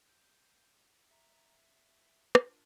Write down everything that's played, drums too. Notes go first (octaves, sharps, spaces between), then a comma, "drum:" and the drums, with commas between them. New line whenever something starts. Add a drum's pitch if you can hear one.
G6
E5 A#5
E5
D4 F4 A#4, drum: rim click